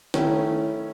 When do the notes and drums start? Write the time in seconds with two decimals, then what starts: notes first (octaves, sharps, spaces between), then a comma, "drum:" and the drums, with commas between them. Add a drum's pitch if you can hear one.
0.14 D#3 A3 C#4 E4, drum: snare